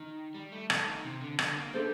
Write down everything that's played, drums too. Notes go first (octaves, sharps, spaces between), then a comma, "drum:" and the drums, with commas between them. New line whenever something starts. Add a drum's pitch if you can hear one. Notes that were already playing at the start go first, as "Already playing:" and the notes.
Already playing: D#3
G3
A3
A3, drum: rim click
D#3
C3
D3
D3, drum: rim click
A#3
G3 D4 A4 C5